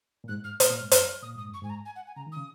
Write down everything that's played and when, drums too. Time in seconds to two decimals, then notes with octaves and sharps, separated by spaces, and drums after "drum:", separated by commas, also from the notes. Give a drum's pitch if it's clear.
0.24 A#2
0.28 G#2 F#6
0.44 G#2 F6
0.60 A#2 D#6, drum: hi-hat
0.70 A#2
0.76 F6
0.81 G#2
0.91 F#2 F#6, drum: hi-hat
1.07 F6
1.22 A#2 D#6
1.36 G#2 D#6
1.49 F#2 C#6
1.62 G#2 G#5
1.70 A#5
1.85 G#5
1.96 F#5
2.07 G#5
2.16 C#3 A#5
2.26 D#3
2.32 C#3 D#6